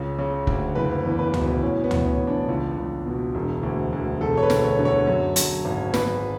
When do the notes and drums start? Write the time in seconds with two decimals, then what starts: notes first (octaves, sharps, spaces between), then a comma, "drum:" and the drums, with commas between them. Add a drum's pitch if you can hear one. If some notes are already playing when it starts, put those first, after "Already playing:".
Already playing: C#2 C#3
0.19 C#3
0.47 D2, drum: kick
0.75 F#1 B4
1.05 E2
1.19 B4
1.34 B2, drum: tom D2
1.62 A2 C#4
1.84 B3
1.91 A1, drum: tom D2
2.05 C#4
2.20 A1
2.27 D4
2.49 C#2
2.78 C#2
3.06 B2
3.35 E1
3.63 D2
3.93 D2
4.21 E1 A4
4.37 C#5
4.43 B4
4.50 D2, drum: snare
4.64 C#5
4.79 D3
4.85 C#5
5.07 F#2
5.36 F#2, drum: hi-hat
5.65 G#1
5.94 G#1 B4, drum: snare